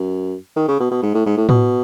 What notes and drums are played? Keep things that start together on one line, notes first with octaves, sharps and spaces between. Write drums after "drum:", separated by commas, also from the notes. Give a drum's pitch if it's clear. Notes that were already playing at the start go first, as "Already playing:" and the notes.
Already playing: F#2
D#3
C#3
B2
B2
G#2
A2
G#2
A2
B2, drum: tom A2